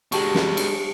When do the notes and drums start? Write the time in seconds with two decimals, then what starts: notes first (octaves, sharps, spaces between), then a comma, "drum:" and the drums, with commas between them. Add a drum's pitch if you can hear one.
0.12 G#3 F#4 G4 A5 C#6, drum: cymbal
0.35 drum: snare
0.57 drum: cymbal